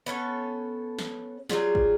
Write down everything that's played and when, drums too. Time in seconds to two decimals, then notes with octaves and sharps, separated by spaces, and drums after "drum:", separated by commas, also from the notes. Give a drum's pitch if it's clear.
0.06 B3 C#4 A4 C#5
0.99 drum: snare
1.49 F#3 G3 F4 G#4, drum: snare
1.75 drum: kick